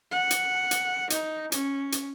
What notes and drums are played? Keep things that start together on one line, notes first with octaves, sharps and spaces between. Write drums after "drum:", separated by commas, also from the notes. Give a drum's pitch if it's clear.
F#5
drum: hi-hat
drum: hi-hat
D#4, drum: hi-hat
C#4, drum: hi-hat
drum: hi-hat